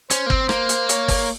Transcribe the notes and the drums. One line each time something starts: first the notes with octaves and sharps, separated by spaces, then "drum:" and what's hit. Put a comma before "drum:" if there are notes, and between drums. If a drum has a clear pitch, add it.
C#4 C5, drum: hi-hat
A#3
C4, drum: kick
A#3, drum: rim click
drum: hi-hat
C#5, drum: hi-hat
drum: kick, open hi-hat